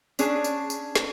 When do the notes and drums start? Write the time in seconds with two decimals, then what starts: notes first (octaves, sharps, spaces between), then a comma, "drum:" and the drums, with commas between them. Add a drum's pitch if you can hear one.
0.19 C#4 D4 G#4, drum: tambourine
0.44 drum: tambourine
0.70 drum: tambourine
0.95 drum: snare